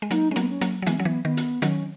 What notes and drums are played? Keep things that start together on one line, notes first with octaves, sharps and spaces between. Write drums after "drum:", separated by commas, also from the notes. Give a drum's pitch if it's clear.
G#3
F#3 A#3 D#4, drum: hi-hat
G#3 C#4
F#3 A#3 B3, drum: hi-hat
C#4
F#3 A#3, drum: hi-hat
F#3
E3 G#3 B3, drum: hi-hat
F#3 C#4
E3 B3
D#3 B3
drum: hi-hat
D#3 F#3 C#4, drum: hi-hat